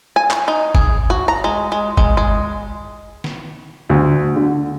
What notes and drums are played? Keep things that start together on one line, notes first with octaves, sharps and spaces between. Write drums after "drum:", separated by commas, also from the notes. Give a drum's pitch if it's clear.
G#5
drum: clap
D#4
G#4, drum: kick
F#4
A#5
G#3
G#3
G#3, drum: kick
G#3
drum: snare
D2
D3